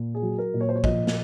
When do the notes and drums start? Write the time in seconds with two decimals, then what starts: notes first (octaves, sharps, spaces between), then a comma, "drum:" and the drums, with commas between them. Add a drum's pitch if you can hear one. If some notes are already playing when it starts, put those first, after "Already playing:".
Already playing: A#2
0.15 G#4
0.22 F#3
0.38 A#4
0.54 A#2
0.61 C#5
0.69 C5
0.76 C#5
0.84 F3 D#5, drum: kick
1.07 drum: snare